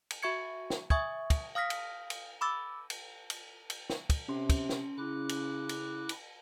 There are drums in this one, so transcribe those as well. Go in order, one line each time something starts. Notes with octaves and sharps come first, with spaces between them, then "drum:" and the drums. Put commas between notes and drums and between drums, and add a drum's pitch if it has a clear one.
drum: cymbal
F#4 E5 C#6 G#6 C#7
drum: snare
E5 G#5 C#6 D#6 G#6, drum: kick
drum: kick, cymbal
F5 D#6 F6 A#6 B6
drum: cymbal
drum: cymbal
B5 D6 E6 A6
drum: cymbal
drum: cymbal
drum: cymbal
drum: snare
drum: kick, cymbal
C3 C#4 C6
drum: kick, cymbal
drum: snare
C#3 E4 D6 F#6
drum: cymbal
drum: cymbal
drum: cymbal